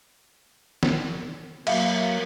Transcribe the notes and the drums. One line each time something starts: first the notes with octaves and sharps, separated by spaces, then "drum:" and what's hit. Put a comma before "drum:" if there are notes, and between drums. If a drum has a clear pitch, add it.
drum: snare
F#3 A#3 E5 F5, drum: cymbal